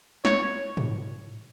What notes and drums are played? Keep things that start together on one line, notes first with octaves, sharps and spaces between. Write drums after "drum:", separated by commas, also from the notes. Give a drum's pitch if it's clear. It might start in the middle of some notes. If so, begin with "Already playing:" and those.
C#5, drum: snare
drum: tom G#2